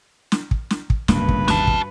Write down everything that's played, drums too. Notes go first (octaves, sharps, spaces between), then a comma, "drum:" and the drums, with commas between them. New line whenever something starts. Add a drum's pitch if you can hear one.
drum: snare
drum: kick
drum: snare
drum: kick
D1 C#2 G2 A#3 B4, drum: snare
drum: kick
G1 D#2 C3 F#4 A5, drum: snare
drum: kick